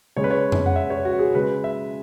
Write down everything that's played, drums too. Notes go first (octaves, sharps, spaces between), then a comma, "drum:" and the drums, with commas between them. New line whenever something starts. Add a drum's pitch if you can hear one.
C#3 G#3 C#5
B4
C#5
drum: tom
F#5
E5
C#5
F#4
G#4
C#3 G#3 B4
E5